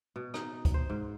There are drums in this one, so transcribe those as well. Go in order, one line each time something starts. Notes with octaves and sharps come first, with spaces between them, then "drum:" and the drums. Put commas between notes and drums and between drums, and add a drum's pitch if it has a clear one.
B2
D#4, drum: rim click
drum: kick, hi-hat
C5
G#2